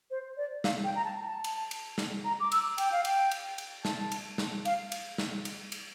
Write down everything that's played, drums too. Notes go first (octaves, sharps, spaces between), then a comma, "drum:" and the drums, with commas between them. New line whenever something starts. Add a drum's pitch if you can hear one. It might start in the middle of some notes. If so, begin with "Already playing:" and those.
C5
D5
F5, drum: snare
G5
A#5
A5
A5
drum: cymbal
drum: cymbal
drum: snare
A#5
D6
E6, drum: cymbal
G5, drum: cymbal
F5
G5, drum: cymbal
drum: cymbal
drum: cymbal
A5, drum: snare
drum: cymbal
drum: snare
F5, drum: cymbal
drum: cymbal
drum: snare
drum: cymbal
drum: cymbal